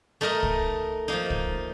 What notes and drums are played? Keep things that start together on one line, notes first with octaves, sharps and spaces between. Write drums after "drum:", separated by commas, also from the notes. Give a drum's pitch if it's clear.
A3 D#4 A#4 D#5
drum: kick
F3 A#3 D#4
drum: kick